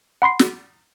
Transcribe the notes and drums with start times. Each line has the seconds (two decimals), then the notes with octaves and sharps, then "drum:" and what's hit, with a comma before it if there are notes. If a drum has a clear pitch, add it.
0.22 F#5 B5 C6 C7
0.39 drum: snare